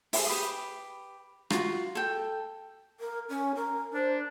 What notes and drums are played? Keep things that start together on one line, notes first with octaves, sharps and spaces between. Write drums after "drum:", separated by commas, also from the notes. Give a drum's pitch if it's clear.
E4 G#4, drum: open hi-hat
G4 B4 B5 D#6
F4 F#4, drum: rim click
A4 G5
A#4
C#4
A#4
D4 C5